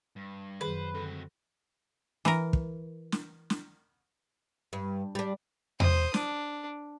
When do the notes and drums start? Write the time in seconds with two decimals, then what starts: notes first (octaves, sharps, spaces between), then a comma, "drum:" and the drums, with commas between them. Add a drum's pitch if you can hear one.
0.16 G2
0.61 F#2 D#3 G#4 B4 C5
0.94 D3 C4 F#4 A4
2.25 E3 A#4, drum: snare
2.53 drum: kick
3.12 drum: snare
3.50 drum: snare
4.73 G2
5.15 G3 D4
5.80 C5 D#6, drum: tom E2
6.14 D4, drum: snare